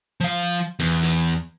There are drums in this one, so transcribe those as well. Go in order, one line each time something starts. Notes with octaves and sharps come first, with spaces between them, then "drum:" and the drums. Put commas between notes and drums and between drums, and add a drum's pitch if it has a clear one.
F3 F5
E2, drum: hi-hat
drum: hi-hat